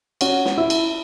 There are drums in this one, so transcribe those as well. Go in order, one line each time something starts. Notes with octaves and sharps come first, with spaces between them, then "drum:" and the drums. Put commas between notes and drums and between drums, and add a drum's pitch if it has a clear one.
C#4 F#4, drum: cymbal
drum: snare
E4
drum: cymbal